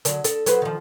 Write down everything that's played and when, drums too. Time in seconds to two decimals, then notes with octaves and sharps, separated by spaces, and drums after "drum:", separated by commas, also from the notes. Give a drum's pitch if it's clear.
0.05 D3 F#3, drum: hi-hat
0.24 A4, drum: hi-hat
0.46 F#3 B4 C5, drum: hi-hat
0.62 D#3 F3